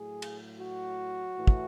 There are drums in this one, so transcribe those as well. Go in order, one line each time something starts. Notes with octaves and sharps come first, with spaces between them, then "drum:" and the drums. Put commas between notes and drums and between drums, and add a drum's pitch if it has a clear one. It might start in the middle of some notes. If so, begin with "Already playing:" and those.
Already playing: A2 F#3 G#4
drum: cymbal
F#4
A2 E3
drum: kick